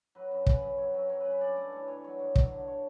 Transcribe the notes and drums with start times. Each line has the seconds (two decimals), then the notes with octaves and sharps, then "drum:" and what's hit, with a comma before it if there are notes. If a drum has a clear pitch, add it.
0.15 F#3 B4
0.31 F#2
0.46 F#2 B4, drum: kick
0.63 F#2
0.78 F#3 C#5
0.94 F#3
1.09 F#3 C#5
1.20 C#3 B4
1.31 B4
1.41 G2 D5
1.56 A3 D5
1.72 E3 C#5
1.88 G2 C#5
2.04 F#3 C#5
2.20 G2
2.36 F#3, drum: kick
2.51 D3
2.68 C#5